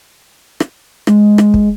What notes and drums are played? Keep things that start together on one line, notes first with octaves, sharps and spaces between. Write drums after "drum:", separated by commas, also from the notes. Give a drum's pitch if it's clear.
drum: rim click
G#3, drum: rim click
drum: rim click
drum: kick